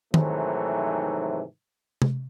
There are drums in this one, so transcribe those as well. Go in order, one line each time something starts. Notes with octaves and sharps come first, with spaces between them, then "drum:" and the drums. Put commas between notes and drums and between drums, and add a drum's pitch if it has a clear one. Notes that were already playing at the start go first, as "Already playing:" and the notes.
G#2 C3 D#3 E3 F#3 A3, drum: tom D#3
drum: tom C3